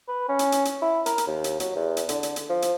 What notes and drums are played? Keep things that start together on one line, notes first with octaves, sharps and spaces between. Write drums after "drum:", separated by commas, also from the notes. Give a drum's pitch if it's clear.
B4
C#4
drum: hi-hat
drum: hi-hat
drum: hi-hat
E4
A#4, drum: hi-hat
drum: hi-hat
D#2
drum: hi-hat
F#3, drum: hi-hat
E2
drum: hi-hat
D3, drum: hi-hat
drum: hi-hat
drum: hi-hat
F3
drum: hi-hat